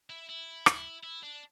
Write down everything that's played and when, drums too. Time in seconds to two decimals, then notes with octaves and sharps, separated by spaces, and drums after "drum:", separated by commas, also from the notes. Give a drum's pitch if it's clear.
0.10 E4
0.29 E4
0.66 drum: rim click
1.04 E4
1.23 D4